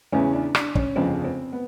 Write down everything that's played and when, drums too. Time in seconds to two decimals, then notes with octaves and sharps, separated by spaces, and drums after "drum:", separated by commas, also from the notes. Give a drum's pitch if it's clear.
0.12 E2 C#3 E3 C#4
0.33 D4
0.55 D4, drum: rim click
0.75 C#4, drum: kick
0.96 G1 F2 C#3 F3 C4
1.24 C4
1.52 B3